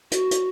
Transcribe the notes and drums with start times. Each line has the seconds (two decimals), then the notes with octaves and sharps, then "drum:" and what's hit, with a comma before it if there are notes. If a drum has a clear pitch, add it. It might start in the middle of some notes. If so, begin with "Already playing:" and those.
0.11 F#4, drum: hi-hat
0.31 drum: hi-hat